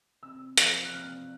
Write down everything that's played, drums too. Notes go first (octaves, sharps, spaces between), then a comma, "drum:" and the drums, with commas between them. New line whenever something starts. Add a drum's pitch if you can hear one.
C3 E6
F3, drum: hi-hat
F#6
C3 F6